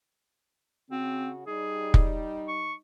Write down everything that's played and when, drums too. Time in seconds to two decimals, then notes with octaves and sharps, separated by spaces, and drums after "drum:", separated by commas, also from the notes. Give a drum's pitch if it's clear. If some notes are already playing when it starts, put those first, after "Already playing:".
0.90 C#3 C4 F#4
1.47 G3 D#4 G#4
1.94 drum: kick
2.48 C#6